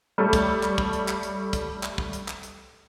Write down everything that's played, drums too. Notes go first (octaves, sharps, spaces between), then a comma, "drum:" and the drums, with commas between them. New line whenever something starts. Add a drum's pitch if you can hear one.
G3 A3 A4 C#5
drum: kick, hi-hat
drum: clap
drum: kick
drum: hi-hat
drum: clap
drum: hi-hat
drum: kick, hi-hat
drum: clap
drum: kick
drum: hi-hat
drum: clap
drum: hi-hat